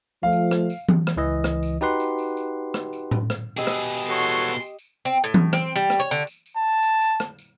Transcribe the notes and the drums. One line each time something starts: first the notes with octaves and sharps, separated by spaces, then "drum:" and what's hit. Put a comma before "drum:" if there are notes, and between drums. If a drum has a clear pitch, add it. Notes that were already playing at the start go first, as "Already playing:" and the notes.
F3 A3 F5
drum: tambourine
drum: rim click
drum: tambourine
drum: tom E3
drum: rim click
C#2 E3 D#5
drum: rim click
drum: tambourine
D#4 F#4 G4 B4 F#5 C6, drum: tambourine
drum: tambourine
drum: tambourine
drum: tambourine
drum: rim click
drum: tambourine
drum: tom A2
drum: rim click
B2 G4 G#4 D#5 E6
drum: rim click
drum: tambourine
F#4 A4 C#5 C6
drum: tambourine
drum: tambourine
drum: tambourine
drum: tambourine
C4
A2
drum: tom E3
C4, drum: rim click
G3
drum: rim click
C#5
D3, drum: tambourine
drum: tambourine
drum: tambourine
A5
drum: tambourine
drum: tambourine
drum: rim click
drum: tambourine